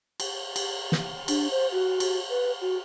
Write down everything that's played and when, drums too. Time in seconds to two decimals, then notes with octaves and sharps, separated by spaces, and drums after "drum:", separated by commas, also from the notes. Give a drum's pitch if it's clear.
0.20 drum: cymbal
0.56 drum: cymbal
0.92 drum: snare
1.28 D4, drum: cymbal
1.51 C5
1.72 F#4
2.00 drum: cymbal
2.30 B4
2.61 F#4